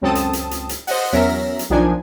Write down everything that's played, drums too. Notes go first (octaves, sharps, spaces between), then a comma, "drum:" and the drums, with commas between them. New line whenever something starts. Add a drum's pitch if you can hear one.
C#2 F#2 C4 A4 A5 D#6
drum: hi-hat
drum: hi-hat
drum: hi-hat
drum: hi-hat
C5 D#5 F#5, drum: open hi-hat
E2 F#3 C#4 A#4 E5 A#6
drum: hi-hat
B1 D#3 F3 D4 D#4 G#5